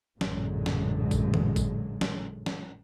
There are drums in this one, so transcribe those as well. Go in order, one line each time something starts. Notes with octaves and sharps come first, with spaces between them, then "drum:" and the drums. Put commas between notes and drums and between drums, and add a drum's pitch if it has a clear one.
A1 F#2 A#2 D3 G#3, drum: snare
drum: snare
drum: kick G#1, tambourine
drum: tom E3
drum: kick G#1, tambourine
drum: snare
drum: snare